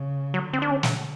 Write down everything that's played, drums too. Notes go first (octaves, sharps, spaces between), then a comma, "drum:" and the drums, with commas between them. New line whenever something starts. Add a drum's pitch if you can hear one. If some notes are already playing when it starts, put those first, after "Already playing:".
Already playing: C#3
D3 F#3
C4
D4
C#4
drum: snare